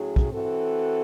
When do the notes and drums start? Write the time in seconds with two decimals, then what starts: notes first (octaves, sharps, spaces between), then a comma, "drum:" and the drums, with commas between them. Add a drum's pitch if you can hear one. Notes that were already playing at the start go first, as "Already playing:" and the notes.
Already playing: A2 F#3 C#4 G#4
0.16 drum: kick
0.32 E3 C4 F#4 A4